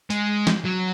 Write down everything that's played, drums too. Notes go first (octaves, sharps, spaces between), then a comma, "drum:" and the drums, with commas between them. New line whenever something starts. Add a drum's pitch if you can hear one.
G#3, drum: hi-hat
drum: snare
F#3